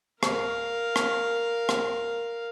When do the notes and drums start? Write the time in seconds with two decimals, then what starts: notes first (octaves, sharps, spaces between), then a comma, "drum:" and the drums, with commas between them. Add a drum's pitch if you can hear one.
0.23 A#4 F5, drum: rim click
0.96 drum: rim click
1.69 drum: rim click